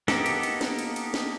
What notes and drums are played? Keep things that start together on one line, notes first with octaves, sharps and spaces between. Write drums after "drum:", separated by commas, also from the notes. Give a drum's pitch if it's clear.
A#3 B3 D#4 G4 A4, drum: snare
drum: cymbal
drum: cymbal
drum: snare
drum: cymbal
drum: cymbal
drum: snare